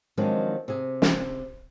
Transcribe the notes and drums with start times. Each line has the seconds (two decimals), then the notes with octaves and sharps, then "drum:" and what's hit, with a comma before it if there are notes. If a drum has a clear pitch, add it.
0.17 D#3 F3 F#3 G#3 C4 D4
0.68 C3 G#4
1.02 drum: snare